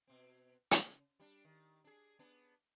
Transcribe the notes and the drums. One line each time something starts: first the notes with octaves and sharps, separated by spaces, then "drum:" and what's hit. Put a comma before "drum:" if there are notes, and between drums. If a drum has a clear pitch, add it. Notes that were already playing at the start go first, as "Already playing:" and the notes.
B2 C4
C#3, drum: hi-hat
G3 D4
D#3
D4 G#4
B3 D4